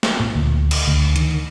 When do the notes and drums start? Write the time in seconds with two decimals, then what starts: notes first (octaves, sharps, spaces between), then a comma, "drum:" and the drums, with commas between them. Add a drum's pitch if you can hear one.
0.03 drum: snare
0.20 A#2
0.35 D2
0.71 drum: cymbal
0.87 D2
1.16 D#3, drum: hi-hat